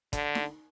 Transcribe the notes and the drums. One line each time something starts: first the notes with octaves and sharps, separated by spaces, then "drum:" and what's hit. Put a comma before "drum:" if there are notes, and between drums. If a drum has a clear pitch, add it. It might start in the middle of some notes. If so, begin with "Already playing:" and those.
D3, drum: kick, hi-hat
drum: snare D#4